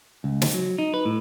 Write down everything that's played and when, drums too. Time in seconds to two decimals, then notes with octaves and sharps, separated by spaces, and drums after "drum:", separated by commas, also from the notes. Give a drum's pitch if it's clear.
0.24 C#2
0.42 drum: snare
0.54 F#3
0.79 D#4
0.94 B4
1.05 A2